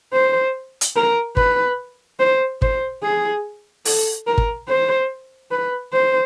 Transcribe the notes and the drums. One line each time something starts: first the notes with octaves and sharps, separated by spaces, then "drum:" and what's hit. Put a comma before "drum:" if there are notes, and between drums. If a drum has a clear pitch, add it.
C5
drum: hi-hat
A#4
B4, drum: kick
C5
C5, drum: kick
G#4
A4, drum: open hi-hat
A#4
drum: kick
C5
B4
C5